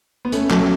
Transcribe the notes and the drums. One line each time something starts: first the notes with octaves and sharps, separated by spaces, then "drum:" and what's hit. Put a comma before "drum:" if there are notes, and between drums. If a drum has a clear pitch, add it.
B3
A3 C#4, drum: hi-hat
F#3 A3, drum: clap